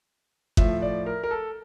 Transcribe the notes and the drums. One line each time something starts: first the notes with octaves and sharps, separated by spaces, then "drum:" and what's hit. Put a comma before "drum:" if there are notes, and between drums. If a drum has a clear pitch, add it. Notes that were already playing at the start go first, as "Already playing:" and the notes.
A2 F3 E5, drum: kick G1
D5
A#4
A#4
A4